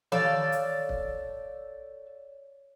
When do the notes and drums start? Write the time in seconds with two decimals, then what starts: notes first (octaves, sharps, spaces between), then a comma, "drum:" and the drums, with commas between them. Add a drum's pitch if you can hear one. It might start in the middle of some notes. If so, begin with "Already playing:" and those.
0.12 A4 C#5 D5 F5, drum: tom D#3
0.52 drum: hi-hat
0.89 drum: kick